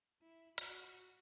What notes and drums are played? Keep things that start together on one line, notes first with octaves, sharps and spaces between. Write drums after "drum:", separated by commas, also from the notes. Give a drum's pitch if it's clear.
E4
F#4, drum: hi-hat